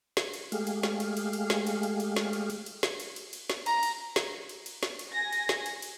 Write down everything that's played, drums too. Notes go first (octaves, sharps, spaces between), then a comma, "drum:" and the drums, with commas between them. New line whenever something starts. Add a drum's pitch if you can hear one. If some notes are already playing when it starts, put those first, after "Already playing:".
drum: snare
drum: cymbal
G#3 A3 G4 G#4 F5, drum: cymbal
drum: cymbal
drum: snare
drum: cymbal
drum: cymbal
drum: cymbal
drum: snare
drum: cymbal
drum: cymbal
drum: cymbal
drum: snare
drum: cymbal
drum: cymbal
drum: cymbal
drum: snare
drum: cymbal
drum: cymbal
drum: cymbal
drum: snare
A#5, drum: cymbal
drum: cymbal
drum: snare
drum: cymbal
drum: cymbal
drum: snare
drum: cymbal
G#5 A#6
drum: cymbal
drum: snare
drum: cymbal
drum: cymbal